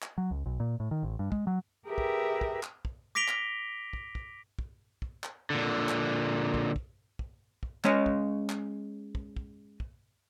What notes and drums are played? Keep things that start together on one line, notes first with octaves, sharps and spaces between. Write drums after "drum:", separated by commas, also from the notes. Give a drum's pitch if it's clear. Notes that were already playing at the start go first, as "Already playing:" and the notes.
drum: clap
F#3
C#2
B1
A#2
A2
D#3
A1
G2
G#3, drum: kick
F#3
G4 G#4 A#4 B4 E5 G5
drum: kick
drum: kick
drum: clap
drum: kick
D6 A#6 B6 D7 F7 G7
drum: clap
drum: kick
drum: kick
drum: kick
drum: kick
drum: clap
A#2 D3
drum: clap
drum: kick
drum: kick
drum: kick
drum: kick
G#3 C#4 C#5 D#5, drum: clap
drum: kick
drum: clap
drum: kick
drum: kick
drum: kick